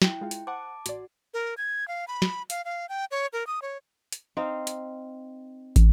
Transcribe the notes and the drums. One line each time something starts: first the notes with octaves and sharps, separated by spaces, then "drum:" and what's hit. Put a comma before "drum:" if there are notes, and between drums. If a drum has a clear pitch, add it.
E4 G5, drum: snare
G#3 F4
drum: hi-hat
C5 F#5 A5 D6
A1 F#4 D5, drum: hi-hat
A#4
G#6
F5
B5
drum: snare
F5, drum: hi-hat
F5
G5
C#5
A#4
D#6
C#5
drum: hi-hat
C4 D#4 F5
drum: hi-hat
drum: kick, hi-hat